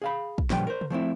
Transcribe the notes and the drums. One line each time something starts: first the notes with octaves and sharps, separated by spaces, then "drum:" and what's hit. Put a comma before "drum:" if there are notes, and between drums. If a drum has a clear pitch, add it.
G#4 F5 B5
drum: kick
A#2 D3 F3 G3 B4 G5, drum: snare
A#4 C5
drum: tom C3
F3 A3 C4 E4